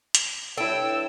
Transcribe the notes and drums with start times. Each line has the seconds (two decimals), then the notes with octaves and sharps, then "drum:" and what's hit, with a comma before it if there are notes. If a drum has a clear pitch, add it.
0.15 drum: hi-hat
0.58 G2 E4 A4 C#5 G5 E6